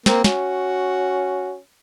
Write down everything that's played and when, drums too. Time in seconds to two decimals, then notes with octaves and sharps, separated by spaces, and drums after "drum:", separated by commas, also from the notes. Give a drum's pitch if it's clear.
0.06 A#3 C4, drum: snare
0.24 C#4 F#4, drum: snare